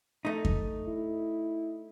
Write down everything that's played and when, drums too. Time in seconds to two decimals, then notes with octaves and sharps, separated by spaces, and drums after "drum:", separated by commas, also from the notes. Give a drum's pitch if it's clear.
0.25 A3 D#4
0.45 drum: kick F2
0.88 E4